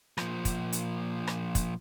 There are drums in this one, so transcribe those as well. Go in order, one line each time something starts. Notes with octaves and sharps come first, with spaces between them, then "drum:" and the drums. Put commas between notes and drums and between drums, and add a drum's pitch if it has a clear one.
A#2 F3, drum: rim click
drum: kick, hi-hat
drum: hi-hat
drum: rim click
drum: kick, hi-hat